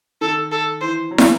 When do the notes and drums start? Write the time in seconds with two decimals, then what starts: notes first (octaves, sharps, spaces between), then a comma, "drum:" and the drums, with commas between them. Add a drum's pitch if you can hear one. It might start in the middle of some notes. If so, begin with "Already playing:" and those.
0.21 D#3 A4
0.52 A4
0.81 E3 C5
1.11 F#3
1.18 E3, drum: snare